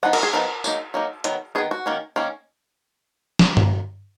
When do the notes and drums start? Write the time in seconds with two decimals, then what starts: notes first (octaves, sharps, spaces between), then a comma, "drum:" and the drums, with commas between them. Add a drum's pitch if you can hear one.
0.03 F3 B3 D#4 F#5
0.13 A#4, drum: cymbal
0.23 G#4
0.33 F3 B3 D#4 A#4
0.64 F#3 A#3 D#4, drum: tambourine
0.94 F#3 A#3 D#4
1.24 D#3 F#3 B3, drum: hi-hat
1.55 D#3 F#3 B3 G#4
1.71 F#4
1.86 D#3 A#3 C#4
2.16 D#3 A#3 C#4
3.39 drum: snare
3.57 drum: tom G2